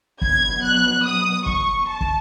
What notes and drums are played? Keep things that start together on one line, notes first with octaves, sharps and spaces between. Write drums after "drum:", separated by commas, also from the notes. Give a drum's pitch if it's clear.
B2 F#3 B3 G#6, drum: kick
F#6
D#6
C#6, drum: kick
A5
drum: kick